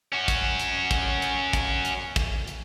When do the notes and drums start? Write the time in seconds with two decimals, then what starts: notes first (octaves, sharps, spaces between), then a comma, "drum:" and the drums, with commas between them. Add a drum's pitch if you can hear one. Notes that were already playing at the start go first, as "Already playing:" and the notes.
0.12 C#4 F#4
0.28 drum: kick, hi-hat
0.59 drum: hi-hat
0.91 drum: kick, hi-hat
1.22 drum: hi-hat
1.53 drum: kick, hi-hat
1.85 drum: hi-hat
2.16 drum: kick, hi-hat
2.47 drum: hi-hat